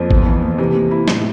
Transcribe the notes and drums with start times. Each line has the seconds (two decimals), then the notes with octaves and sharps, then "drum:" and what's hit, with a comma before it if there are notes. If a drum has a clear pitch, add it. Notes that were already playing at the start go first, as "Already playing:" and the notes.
Already playing: F2 F3 A#3
0.11 E2, drum: kick G#1
0.27 E3
0.42 A#3
0.58 C3 E3
0.76 A#3
0.91 E4
1.08 A2, drum: snare